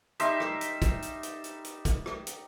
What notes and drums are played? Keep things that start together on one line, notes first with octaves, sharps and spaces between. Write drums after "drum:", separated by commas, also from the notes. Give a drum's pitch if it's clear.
G3 D#4 E5 C6, drum: hi-hat
drum: rim click
drum: hi-hat
drum: kick, hi-hat
drum: hi-hat
drum: hi-hat
drum: hi-hat
drum: hi-hat
drum: kick, hi-hat
drum: rim click
drum: hi-hat